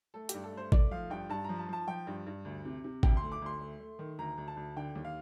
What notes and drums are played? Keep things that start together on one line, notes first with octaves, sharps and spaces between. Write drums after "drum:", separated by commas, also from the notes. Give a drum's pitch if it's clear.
A3 A4
G4, drum: hi-hat
G2
A4
A3
C5
A3 D5, drum: kick G#1
F3 F5
G2 G5
G2 A5
F3 A#5
A5
F3 A5
F3 G5
G2
G2
D2
C3
C3
D2 G5, drum: kick G#1
C6
A3
D6
D2 C6
A3
A3
D#3
D2 A#5
D2
A5
D2
D3 G5
D#2
F5